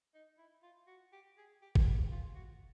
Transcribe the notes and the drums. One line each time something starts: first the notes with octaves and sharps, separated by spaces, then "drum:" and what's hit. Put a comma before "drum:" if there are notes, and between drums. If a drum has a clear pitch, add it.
D#4
E4
F4
F#4
G4
G#4
G4
G#4, drum: kick G1
G4
F4
F#4